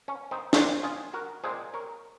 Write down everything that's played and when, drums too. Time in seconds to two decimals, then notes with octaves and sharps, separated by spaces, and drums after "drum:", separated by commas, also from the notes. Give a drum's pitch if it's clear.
0.08 C#4
0.31 C4 D#4
0.53 A#2 F#3 C4 C#4 F4, drum: snare
0.83 F4 G#4
1.13 F#4 A#4
1.44 A#2 G#3 C4 G#4 C5
1.74 A#4 C#5